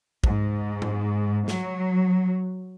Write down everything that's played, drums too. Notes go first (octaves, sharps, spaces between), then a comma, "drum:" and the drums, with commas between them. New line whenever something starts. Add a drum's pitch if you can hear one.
G#2, drum: kick
drum: tom G#2
F#3, drum: snare